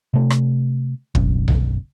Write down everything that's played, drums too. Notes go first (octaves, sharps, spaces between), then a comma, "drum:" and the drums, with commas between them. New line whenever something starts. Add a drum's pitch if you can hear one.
C3 A3
drum: rim click
F#1 B1, drum: kick
drum: tom B1